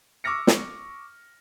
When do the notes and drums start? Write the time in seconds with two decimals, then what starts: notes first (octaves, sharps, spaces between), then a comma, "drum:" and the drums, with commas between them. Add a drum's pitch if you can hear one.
0.24 C#6 D6 E6 F6 A#6 C#7
0.47 drum: snare